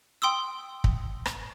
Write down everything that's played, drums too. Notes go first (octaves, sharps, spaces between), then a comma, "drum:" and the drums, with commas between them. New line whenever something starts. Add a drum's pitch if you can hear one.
G5 C6 D#6 E6
drum: kick
drum: rim click